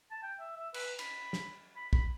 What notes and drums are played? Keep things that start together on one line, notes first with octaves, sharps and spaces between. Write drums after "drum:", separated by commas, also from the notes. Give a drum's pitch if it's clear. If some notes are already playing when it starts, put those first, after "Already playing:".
A5
G5
E5
E5
B4, drum: cymbal
B5, drum: cymbal
drum: snare
B5
B5, drum: kick